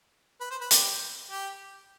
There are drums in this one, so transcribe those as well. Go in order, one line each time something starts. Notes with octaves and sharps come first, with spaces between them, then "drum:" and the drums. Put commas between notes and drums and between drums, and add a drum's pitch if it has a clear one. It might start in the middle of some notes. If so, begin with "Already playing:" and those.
B4
C5
B4
G4, drum: hi-hat
G4